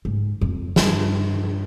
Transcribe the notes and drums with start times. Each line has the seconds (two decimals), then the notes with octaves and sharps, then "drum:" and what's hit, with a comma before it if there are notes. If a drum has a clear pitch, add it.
0.05 G#2
0.41 F2
0.76 G2, drum: snare